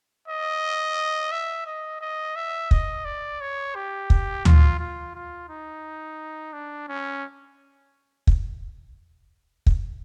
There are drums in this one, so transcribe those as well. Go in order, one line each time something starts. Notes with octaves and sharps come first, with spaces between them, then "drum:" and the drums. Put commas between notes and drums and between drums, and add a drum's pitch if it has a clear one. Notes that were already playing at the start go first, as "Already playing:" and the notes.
D#5
E5
D#5
D#5
E5
D#5, drum: kick
D5
C#5
G4
drum: kick
F4, drum: tom D2
F4
F4
D#4
D4
C#4
drum: kick
drum: kick